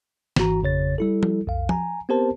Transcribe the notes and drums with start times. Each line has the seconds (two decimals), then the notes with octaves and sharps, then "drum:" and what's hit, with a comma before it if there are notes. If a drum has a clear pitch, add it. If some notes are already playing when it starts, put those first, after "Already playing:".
0.36 G#1 G#2 E3 F#4 A#5, drum: snare
0.62 G#1 F2 C#3 C#5 A6
0.98 G3 E4 A4
1.23 drum: tom F3
1.47 B1 F2 F5
1.69 G#5 A#5, drum: tom F3
2.09 B3 C4 G4 A#4 C5 A5